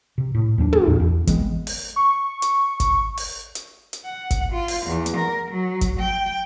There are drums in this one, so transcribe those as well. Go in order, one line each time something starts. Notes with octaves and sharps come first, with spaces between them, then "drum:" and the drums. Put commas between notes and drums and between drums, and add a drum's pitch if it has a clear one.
C3
A2
D#2 F#3 D4
drum: tom
A1 E2 A#2
E2
E3 G#3 B3 C4, drum: kick G1, hi-hat
drum: open hi-hat
C#6
drum: hi-hat
drum: kick G1, hi-hat
drum: open hi-hat
drum: hi-hat
drum: hi-hat
F#5
drum: kick G1, hi-hat
F4
drum: open hi-hat
E2
drum: hi-hat
A#4
F#3
drum: kick G1, hi-hat
G5